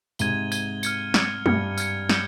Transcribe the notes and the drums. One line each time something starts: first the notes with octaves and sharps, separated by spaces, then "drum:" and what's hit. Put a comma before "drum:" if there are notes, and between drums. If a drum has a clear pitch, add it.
G#2 C3 G#6 D#7 G7, drum: tambourine
G#6 D#7 G7, drum: tambourine
F6 G#6 C#7, drum: tambourine
F6 G#6 C#7, drum: snare
G2 F6 G#6 C#7, drum: tom G#3
F6 G#6 C#7, drum: tambourine
G6 C#7 G7, drum: snare